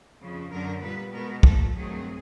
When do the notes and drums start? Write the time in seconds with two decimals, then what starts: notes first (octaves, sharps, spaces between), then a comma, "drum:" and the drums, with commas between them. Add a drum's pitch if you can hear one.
0.20 F2 C#3 F3
0.51 F#2 D3 F#3 A#4
0.81 A#2 G3 B3 B4
1.13 B2 G#3 B3 A#4
1.43 A#2 F3 A3 A4, drum: kick
1.74 G2 D#3 F#3 A3 C4 G#4